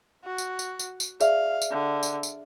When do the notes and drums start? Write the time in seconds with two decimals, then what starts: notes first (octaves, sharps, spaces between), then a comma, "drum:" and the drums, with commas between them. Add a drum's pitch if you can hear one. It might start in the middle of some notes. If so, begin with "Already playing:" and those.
0.24 F#4
0.38 drum: tambourine
0.59 drum: tambourine
0.79 drum: tambourine
1.00 drum: tambourine
1.21 G#4 D5 E5 F5, drum: tambourine
1.62 drum: tambourine
1.71 D3
2.03 drum: tambourine
2.23 drum: tambourine